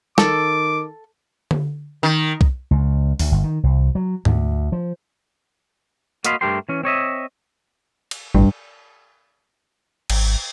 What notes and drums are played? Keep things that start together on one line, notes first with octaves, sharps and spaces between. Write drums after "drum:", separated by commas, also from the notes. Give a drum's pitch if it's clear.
D#3 A4 D6, drum: snare
drum: tom D3
D#3
drum: kick
C#2
D2, drum: open hi-hat
G1
D#3
C2
F#3
D2, drum: tom G#2
F3
A#3 F#4 D#5 F5 B5 C6, drum: hi-hat
G2 A3 G4 A#4 G5 C6
E3 C#4
C4 C#5 D#5 E5
drum: cymbal
A1 G2
G#1, drum: cymbal